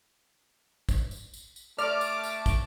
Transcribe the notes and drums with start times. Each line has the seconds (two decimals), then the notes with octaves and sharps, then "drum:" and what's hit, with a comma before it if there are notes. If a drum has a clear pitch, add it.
0.89 drum: kick, tambourine
1.11 drum: tambourine
1.34 drum: tambourine
1.56 drum: tambourine
1.78 A3 D5 A5 D6 F6, drum: tambourine
2.01 drum: tambourine
2.23 drum: tambourine
2.46 drum: kick, tambourine